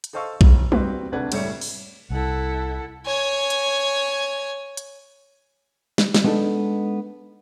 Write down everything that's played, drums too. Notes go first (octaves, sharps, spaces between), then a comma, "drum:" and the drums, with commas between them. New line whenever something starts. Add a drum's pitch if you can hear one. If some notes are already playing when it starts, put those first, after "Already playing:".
drum: hi-hat
A4 C5 D#5 F5 C#6 E6
E1 E2, drum: kick A#1
G3 C4 F#4 G4 B4, drum: tom G3
D2 C3 D4 B4 F#5 G#6
F#1 A2 G3 C#5 E5 C#7, drum: cymbal
drum: open hi-hat
C2 E4 A4 F#5
C#5 G#5
drum: hi-hat
drum: hi-hat
drum: snare
drum: snare
G#3 B3 D4 D#4 A4